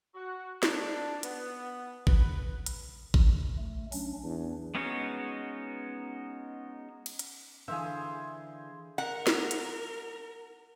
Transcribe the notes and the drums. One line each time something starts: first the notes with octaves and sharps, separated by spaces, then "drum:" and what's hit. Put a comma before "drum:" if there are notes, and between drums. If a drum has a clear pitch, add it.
F#4
D4, drum: snare
B3, drum: hi-hat
B4, drum: kick A1
drum: hi-hat
drum: kick A1
A3
F#3 C#4 D4, drum: open hi-hat
E2 D4
G#3 B3 C#4 D#4 F#4
drum: cymbal
drum: hi-hat
D3 E3 G#4 C5 E5 F5
A#4 F#5
drum: snare
drum: hi-hat